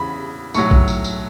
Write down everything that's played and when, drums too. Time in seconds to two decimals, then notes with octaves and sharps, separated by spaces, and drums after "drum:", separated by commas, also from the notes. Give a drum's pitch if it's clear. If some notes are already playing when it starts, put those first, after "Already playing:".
Already playing: E2 C#3 B5
0.54 B1 A2 F#3 C#6, drum: tambourine
0.71 drum: kick
0.88 drum: tambourine
1.04 drum: tambourine